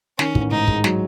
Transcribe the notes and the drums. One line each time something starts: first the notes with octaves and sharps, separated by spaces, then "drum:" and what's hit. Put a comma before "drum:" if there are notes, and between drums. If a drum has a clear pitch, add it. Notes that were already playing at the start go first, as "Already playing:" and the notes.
D#3 C#4, drum: snare
A1, drum: kick
G#2 D#4
G#3, drum: kick
F#3, drum: snare